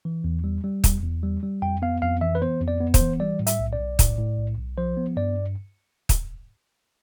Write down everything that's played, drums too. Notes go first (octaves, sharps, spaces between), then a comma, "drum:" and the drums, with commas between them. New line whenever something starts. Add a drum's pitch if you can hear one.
E3
E2
G3
G3
E2, drum: kick, hi-hat
E2
G3
G3
F2 G5
B3 F5
F2 F5
E3 E5
B4
B3 C5
F2
D5
B3
C5, drum: kick, hi-hat
E3
G3 D5
A2
E5, drum: hi-hat
B1
D5
B1
A2, drum: kick, hi-hat
A2
B1
B1
F3 C5
B3
G2 D5
drum: kick, hi-hat